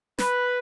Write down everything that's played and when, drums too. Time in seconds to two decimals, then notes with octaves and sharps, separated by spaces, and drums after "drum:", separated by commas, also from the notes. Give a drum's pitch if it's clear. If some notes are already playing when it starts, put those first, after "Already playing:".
0.18 B4, drum: snare